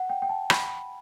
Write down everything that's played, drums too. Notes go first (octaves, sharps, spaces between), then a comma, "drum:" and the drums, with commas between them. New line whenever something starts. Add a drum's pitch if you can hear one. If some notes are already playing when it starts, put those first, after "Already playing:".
Already playing: F#5
G5
G5
A5
B5, drum: rim click